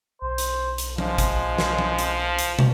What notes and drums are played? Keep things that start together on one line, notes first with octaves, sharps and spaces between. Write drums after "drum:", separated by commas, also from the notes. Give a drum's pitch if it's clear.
B1 C5
drum: hi-hat
drum: hi-hat
F3 G#3, drum: tom F3
drum: kick, hi-hat
drum: snare
drum: tom F3
drum: hi-hat
drum: hi-hat
drum: tom